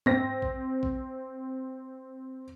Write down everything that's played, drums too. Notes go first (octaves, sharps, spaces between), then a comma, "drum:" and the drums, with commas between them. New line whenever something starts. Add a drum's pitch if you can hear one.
C4 A#6, drum: tom G#2
drum: kick A#1
drum: kick A#1